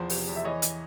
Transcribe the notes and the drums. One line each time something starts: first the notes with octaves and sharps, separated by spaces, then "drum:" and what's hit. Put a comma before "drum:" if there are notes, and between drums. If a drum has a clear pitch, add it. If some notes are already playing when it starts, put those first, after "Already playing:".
Already playing: E2 F3 C5
C3, drum: open hi-hat
E2
E5
E3 C#5 D#5
drum: hi-hat